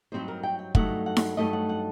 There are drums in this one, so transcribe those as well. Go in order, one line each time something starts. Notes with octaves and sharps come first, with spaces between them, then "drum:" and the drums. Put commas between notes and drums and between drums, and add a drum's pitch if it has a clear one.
G2 F#3 A3 C4 D#4 C5
A#4
G5
G5
G2 F#3 A3 D#4 F#5, drum: kick
F#5
drum: snare D#4
G2 F#3 A3 D#4 D#5
F#5
F#5